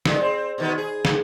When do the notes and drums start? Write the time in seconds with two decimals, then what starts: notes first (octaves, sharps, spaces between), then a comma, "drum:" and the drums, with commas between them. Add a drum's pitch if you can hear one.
0.05 A#2 G#3, drum: snare
0.21 C4
0.58 B2 D#3 B3
0.78 G#4
1.05 drum: snare